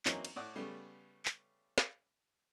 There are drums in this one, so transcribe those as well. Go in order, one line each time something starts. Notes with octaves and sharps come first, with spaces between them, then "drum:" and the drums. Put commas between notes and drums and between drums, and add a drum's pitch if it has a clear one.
E3 F#3 A#3 C4 C#4 D#4, drum: clap
drum: cymbal
A2 D5 F#5 D#6
C#3 G3 A3 B3
drum: clap
drum: snare